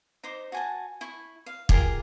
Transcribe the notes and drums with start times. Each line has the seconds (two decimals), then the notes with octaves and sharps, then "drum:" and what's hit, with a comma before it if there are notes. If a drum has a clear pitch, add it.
0.24 D#4 C5 D6
0.52 F#4 G#5 A5
1.01 E4 C#6
1.46 F5
1.69 F4 G4 G#4 A#4, drum: kick